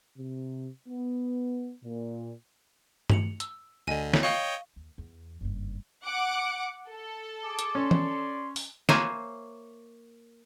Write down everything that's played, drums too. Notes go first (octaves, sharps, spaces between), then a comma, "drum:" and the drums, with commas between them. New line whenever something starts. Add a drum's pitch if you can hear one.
C3
B3
A#2
C#7 F7 F#7, drum: tom G2
E6, drum: hi-hat
D2 D3 D#5 G#5 D#7
drum: snare
C#5 D#5 F5 G5 C#6 F#7
D#2
E2
F#1 G2
F#5 D6
A4
G#4 D6
drum: hi-hat
C#4 D5 C6
drum: tom E3
drum: open hi-hat
A#3 C5 C#5 E5 G#5, drum: snare